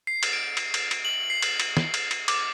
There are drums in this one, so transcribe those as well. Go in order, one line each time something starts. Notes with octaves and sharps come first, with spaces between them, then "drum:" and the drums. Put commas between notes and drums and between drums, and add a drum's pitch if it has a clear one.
C7
drum: cymbal
D7
drum: cymbal
drum: cymbal
drum: cymbal
F#7
C7
drum: cymbal
drum: cymbal
drum: snare
drum: cymbal
drum: cymbal
D6, drum: cymbal